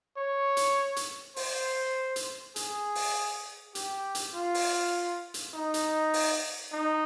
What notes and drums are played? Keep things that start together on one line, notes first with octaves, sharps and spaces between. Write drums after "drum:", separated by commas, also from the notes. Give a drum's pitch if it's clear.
C#5
drum: hi-hat
drum: hi-hat
C5, drum: open hi-hat
drum: hi-hat
G#4, drum: hi-hat
drum: open hi-hat
G4, drum: hi-hat
drum: hi-hat
F4
drum: open hi-hat
drum: hi-hat
D#4
drum: hi-hat
drum: open hi-hat
D#4